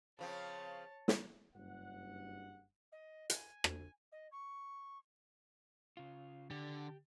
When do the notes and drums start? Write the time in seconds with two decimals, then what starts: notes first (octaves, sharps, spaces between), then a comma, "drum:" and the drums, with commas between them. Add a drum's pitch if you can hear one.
0.19 C#3 F3 C4 C#5 A5
1.08 drum: snare
1.55 F#1 G2 F#5
2.92 D#5
3.30 G#5, drum: hi-hat
3.64 drum: rim click
4.12 D#5
4.31 C#6
5.97 C#3 F4
6.51 D3 G4